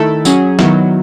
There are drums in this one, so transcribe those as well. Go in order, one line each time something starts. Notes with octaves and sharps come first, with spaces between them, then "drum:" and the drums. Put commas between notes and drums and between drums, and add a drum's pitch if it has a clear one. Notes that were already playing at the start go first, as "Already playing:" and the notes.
Already playing: D#3 A3 E4 A4
F#3 C#4 G#4, drum: tambourine
D#3 F#3 B3 E4, drum: snare